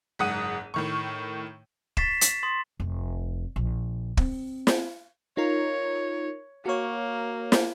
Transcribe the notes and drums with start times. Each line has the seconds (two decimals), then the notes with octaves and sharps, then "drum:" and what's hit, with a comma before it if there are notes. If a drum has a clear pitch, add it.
0.19 F#1 G#2 F#5 D#6 D#7
0.74 A2 D#3 C#6
1.97 C#6 A6 B6 C7 E7, drum: kick
2.21 drum: hi-hat
2.43 C6 D#6 A6
2.80 F1
3.56 A#1
4.17 C4, drum: kick
4.67 drum: snare
5.37 D#4 F4 A#4 C#5
6.66 A#3 F#4 C#5
7.52 drum: snare